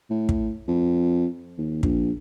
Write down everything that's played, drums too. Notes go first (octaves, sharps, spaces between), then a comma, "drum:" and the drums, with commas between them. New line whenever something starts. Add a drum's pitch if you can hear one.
A2
drum: kick
F2
D#2
A#1, drum: kick